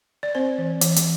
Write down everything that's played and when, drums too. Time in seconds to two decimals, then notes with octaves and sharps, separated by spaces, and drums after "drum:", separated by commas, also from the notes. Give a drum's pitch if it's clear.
0.23 D5
0.35 C4 C5
0.58 E3
0.81 E3, drum: hi-hat
0.96 drum: hi-hat